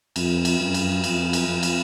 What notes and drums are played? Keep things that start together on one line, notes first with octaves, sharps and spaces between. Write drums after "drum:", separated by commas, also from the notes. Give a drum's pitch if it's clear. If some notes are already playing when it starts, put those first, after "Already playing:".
F2, drum: cymbal
drum: cymbal
F#2
drum: cymbal
F2, drum: cymbal
drum: cymbal
F2
drum: cymbal